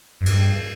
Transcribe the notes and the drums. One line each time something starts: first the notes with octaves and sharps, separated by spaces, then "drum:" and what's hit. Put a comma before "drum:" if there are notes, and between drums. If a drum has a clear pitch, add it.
F#2
G2, drum: cymbal